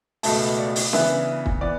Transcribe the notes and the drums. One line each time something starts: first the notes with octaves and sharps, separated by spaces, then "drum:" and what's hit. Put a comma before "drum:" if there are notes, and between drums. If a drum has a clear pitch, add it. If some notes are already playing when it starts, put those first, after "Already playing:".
C#2 B2 A3 A5, drum: open hi-hat
D5
drum: open hi-hat
C#3 E3 B3 D4 E5, drum: snare
drum: kick
E3 B3 D5